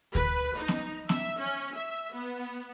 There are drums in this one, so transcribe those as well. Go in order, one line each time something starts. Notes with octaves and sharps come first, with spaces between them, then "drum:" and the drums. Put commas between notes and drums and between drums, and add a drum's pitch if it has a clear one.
B4, drum: kick D2
D#4
drum: snare
E5, drum: snare
C#4
E5
B3